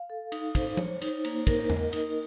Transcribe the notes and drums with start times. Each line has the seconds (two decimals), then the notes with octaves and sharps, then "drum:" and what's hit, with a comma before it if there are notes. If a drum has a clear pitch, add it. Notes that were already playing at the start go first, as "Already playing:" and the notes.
Already playing: F5
0.10 A4
0.32 D#4, drum: cymbal
0.55 C5, drum: kick, cymbal
0.77 C#5, drum: tom F3
1.02 D#4, drum: cymbal
1.25 A#3, drum: cymbal
1.47 A#4, drum: kick, cymbal
1.70 D#5, drum: tom E2
1.93 D#4, drum: cymbal